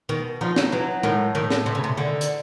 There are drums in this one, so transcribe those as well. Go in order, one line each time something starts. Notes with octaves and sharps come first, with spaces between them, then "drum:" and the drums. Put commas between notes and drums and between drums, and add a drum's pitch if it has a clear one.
B2 D#3
F3 D#4
drum: snare
E3 F#3
A2 D#3, drum: tom G#3
A2 D#3
drum: snare
C3 E3
C#3
C3
D3 D#3
drum: hi-hat